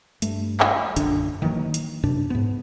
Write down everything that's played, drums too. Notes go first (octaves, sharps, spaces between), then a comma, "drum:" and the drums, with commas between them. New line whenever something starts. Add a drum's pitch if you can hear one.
G2 A3, drum: hi-hat
drum: clap
A#1 F#2 D3 D4, drum: hi-hat
D#3 E3 F#3 A#3
drum: hi-hat
F#2 C3 D4
G#2 B3